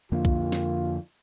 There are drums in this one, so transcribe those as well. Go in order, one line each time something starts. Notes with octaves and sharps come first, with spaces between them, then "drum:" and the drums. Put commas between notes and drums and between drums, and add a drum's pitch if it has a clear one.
F2 D3 A#3 F4
drum: kick B1
drum: snare